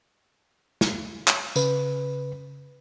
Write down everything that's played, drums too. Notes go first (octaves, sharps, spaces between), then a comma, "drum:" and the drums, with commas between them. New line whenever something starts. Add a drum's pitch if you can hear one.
drum: snare
drum: clap
C#3 B4, drum: tambourine